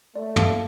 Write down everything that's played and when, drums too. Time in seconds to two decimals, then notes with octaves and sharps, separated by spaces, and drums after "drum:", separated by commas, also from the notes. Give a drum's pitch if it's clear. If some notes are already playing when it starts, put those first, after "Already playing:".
0.16 A3 D5
0.36 F5 A5, drum: tom